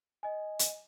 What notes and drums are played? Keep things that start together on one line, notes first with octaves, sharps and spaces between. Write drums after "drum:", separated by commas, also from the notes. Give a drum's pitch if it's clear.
D#5 G#5
drum: hi-hat